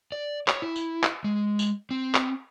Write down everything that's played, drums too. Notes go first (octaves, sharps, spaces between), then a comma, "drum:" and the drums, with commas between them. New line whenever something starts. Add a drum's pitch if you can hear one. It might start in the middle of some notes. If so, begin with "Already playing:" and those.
D5
C#5, drum: clap
E4
drum: tambourine
drum: clap
G#3
drum: tambourine
C4
drum: clap